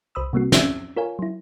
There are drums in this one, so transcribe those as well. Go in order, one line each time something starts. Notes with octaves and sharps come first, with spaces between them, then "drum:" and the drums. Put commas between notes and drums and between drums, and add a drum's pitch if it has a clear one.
C2 C5 B5 D#6 E6
C3 G3 A#3 C4 F#4
C4 C#4 E5 E6 G#6, drum: snare
F4 A#4 C#5 F5 G#5
F#3 E4